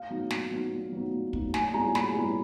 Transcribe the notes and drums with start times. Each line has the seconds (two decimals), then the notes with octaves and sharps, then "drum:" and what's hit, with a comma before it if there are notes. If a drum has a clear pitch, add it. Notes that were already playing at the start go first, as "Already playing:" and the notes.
Already playing: F5
0.10 F#3 B3 D#4
0.30 A#2, drum: snare
0.51 F#3 B3 D#4
0.72 A#2
0.92 F#3 B3 D#4
1.13 A#2
1.33 F#3 B3 D#4, drum: kick
1.54 A#2 G#5, drum: snare
1.74 G3 B3 E4 A#5
1.95 A#2 B5, drum: snare
2.15 G3 B3 E4